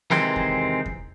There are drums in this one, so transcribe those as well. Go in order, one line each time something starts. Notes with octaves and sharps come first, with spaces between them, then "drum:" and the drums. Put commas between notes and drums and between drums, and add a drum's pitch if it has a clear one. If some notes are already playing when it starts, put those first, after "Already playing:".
C3 D#3 E3 G#3 C4, drum: snare
drum: kick E2
drum: kick E2